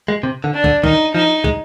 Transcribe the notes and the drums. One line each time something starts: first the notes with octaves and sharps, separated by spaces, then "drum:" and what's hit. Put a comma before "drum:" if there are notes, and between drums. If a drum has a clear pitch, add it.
G#3
C3
D3
D4
D3, drum: kick
D#3 D#4, drum: kick
F3 D#4
G#3, drum: kick